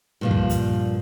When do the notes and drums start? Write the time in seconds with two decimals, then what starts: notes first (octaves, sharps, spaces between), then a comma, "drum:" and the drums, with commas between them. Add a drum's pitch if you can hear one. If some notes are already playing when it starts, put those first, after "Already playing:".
0.21 G2 A#2 F3
0.31 drum: kick
0.49 drum: hi-hat